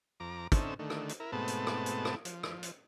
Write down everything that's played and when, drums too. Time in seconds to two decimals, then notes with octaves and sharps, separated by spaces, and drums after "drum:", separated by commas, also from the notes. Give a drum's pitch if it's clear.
0.20 F2 A#5 D6
0.52 D3 C4 C#4 D#4 A4 E5, drum: kick, hi-hat
0.79 D3 D#3 A3
0.90 drum: rim click
1.09 drum: hi-hat
1.20 E4 A#4
1.32 G#2 B2 A3 B3 C4 A5
1.48 drum: hi-hat
1.67 drum: rim click
1.86 drum: hi-hat
2.05 drum: rim click
2.25 F3, drum: hi-hat
2.43 drum: rim click
2.63 drum: hi-hat